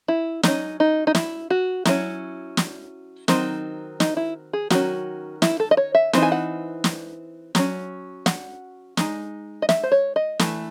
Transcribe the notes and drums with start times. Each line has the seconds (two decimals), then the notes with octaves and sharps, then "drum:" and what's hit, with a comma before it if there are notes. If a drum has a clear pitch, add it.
0.08 E4
0.43 F#3 C#4 D#4, drum: snare
0.80 D#4
1.07 D#4
1.15 E4, drum: snare
1.50 F#4
1.85 F#3 C#4 E4, drum: snare
2.57 drum: snare
3.28 D#3 F#3 C4 D#4, drum: snare
4.00 D#4, drum: snare
4.17 E4
4.53 G#4
4.70 D#3 F#3 C#4 F#4, drum: snare
5.42 E4, drum: snare
5.60 A4
5.71 D#5
5.77 C#5
5.95 E5
6.13 E3 C4 D#4, drum: snare
6.23 G#5
6.32 F#5
6.84 drum: snare
7.55 F#3 C#4, drum: snare
8.26 F#5, drum: snare
8.97 G#3 D#4, drum: snare
9.62 D#5
9.69 E5, drum: snare
9.83 C5
9.92 C#5
10.16 D#5
10.39 E3 A3, drum: snare